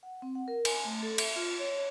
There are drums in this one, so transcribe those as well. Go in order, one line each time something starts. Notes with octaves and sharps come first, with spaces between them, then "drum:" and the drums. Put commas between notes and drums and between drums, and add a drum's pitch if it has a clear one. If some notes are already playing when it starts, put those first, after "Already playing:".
F#5
C4
F#5
A#4
G#5, drum: cymbal
A3
A4
E5, drum: cymbal
F4
C#5
C#5